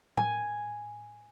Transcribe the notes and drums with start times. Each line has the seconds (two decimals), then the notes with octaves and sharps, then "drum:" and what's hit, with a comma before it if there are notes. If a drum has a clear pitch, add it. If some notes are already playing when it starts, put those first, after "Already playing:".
0.17 G#5, drum: tom A2